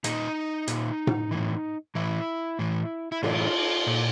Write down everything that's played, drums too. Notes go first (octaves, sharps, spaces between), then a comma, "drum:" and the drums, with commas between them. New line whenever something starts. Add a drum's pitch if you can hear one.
A#2 D#4, drum: hi-hat
A#2, drum: hi-hat
drum: tom A2
A2 E3
A2 E3 E4
A2 E3
E4
A2 E3 F4, drum: cymbal
A#2